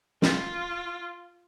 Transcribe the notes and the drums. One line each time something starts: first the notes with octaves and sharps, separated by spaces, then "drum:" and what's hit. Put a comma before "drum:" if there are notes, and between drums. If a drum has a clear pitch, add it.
F4, drum: snare